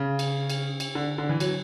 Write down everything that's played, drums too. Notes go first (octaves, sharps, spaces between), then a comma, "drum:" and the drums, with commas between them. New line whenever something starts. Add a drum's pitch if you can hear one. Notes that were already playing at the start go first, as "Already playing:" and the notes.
Already playing: C#3
drum: cymbal
drum: cymbal
drum: cymbal
D3
D3
E3
F#3, drum: cymbal